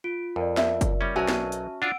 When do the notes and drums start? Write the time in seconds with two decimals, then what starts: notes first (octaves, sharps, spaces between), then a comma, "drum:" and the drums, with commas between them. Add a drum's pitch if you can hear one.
0.04 F4 D7
0.36 F2 A#4 D5
0.57 E5, drum: snare
0.81 drum: kick F#1, hi-hat
1.01 G3 C#4
1.16 B1 F#3 C#4 F#4 E5 G#5 A5
1.28 drum: snare
1.52 drum: hi-hat
1.82 D4 F4 F#5 E6 D7